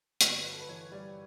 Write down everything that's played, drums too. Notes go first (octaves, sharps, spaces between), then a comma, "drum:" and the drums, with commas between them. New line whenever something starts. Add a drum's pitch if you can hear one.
G1 B4, drum: hi-hat
F#2 B4
A4
B4
E3 C#5
G3 D5